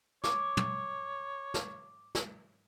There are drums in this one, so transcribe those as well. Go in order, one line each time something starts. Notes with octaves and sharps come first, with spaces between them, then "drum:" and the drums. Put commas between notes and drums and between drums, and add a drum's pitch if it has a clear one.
C#5 D6, drum: snare
drum: tom
drum: snare
drum: snare